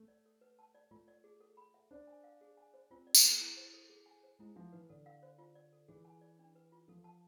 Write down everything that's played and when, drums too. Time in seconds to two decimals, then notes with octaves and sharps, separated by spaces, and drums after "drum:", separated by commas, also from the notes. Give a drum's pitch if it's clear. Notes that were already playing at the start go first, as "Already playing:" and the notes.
Already playing: A3
0.08 D5
0.26 A4
0.41 B4
0.59 A5
0.75 D5
0.91 A3 F4
1.08 D5
1.24 G#4
1.40 A4
1.57 B5
1.74 E5
1.91 D4 C5
2.07 G#5
2.24 F5
2.41 G#4
2.57 G#5
2.74 C5
2.90 C4 F4
3.07 D5
3.15 B3, drum: tambourine
3.24 G#4
3.41 E4
3.57 C5
3.74 A4
3.90 G#4
4.06 G#5
4.23 C5
4.39 G#3 E4
4.56 F3 E5
4.72 E3 B4
4.89 D3 A4
5.06 F5
5.23 C5
5.38 F4
5.55 D5
5.73 A4
5.88 E3 G#4
6.05 G#5
6.21 D5
6.39 D4
6.55 B4
6.72 F4
6.88 F3 A4
7.04 A5